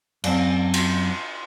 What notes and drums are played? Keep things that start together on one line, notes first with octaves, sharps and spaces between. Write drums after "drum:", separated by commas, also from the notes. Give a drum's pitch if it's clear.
F#2 C4, drum: cymbal
drum: cymbal